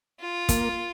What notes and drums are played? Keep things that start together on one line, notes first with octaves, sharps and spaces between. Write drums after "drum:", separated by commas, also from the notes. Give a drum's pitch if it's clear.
F4
A#3, drum: kick, hi-hat